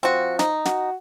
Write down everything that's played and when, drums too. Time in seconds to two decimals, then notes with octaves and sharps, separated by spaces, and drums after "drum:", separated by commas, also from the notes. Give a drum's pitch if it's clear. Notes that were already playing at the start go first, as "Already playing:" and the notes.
0.03 F3 C4 F#4
0.39 D#4, drum: snare
0.65 F#4, drum: snare